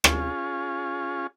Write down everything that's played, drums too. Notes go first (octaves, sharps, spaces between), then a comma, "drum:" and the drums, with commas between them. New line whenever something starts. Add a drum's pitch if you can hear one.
C#4 F4 G#4, drum: rim click